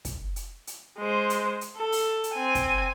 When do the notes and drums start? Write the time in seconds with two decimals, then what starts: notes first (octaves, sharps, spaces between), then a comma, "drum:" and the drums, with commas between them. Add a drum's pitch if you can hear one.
0.05 drum: kick, hi-hat
0.36 drum: hi-hat
0.67 drum: hi-hat
0.99 G#3 C5
1.30 drum: hi-hat
1.61 drum: hi-hat
1.77 A4
1.92 drum: open hi-hat
2.24 drum: hi-hat
2.34 C4 G#5
2.55 drum: kick, hi-hat